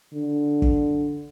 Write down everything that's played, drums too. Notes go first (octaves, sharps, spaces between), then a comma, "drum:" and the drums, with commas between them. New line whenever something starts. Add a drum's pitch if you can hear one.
D3
drum: kick